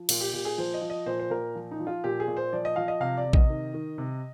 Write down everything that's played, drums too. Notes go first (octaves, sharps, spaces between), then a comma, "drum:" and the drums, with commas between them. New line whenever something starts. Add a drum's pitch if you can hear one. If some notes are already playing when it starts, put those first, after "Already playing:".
Already playing: F3
A#2 F4, drum: cymbal
G4
A#2 G4
G#4
F3 C5
D#5
F3
D#5
A#2 C5
C5
A#2 A#4
F3
D#4
F3
F4
A#2 G4
G#4
A#2
C5
F3 D5
D#5
F3 F5
D#5
C3 F5
D5
C3
D#5, drum: kick
D#3
D#3
C3